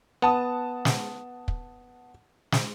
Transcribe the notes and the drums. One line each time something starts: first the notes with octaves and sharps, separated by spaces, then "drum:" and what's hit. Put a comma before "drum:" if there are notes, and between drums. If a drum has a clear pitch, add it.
B3 F#5 A5 D#6
drum: snare
drum: kick
drum: snare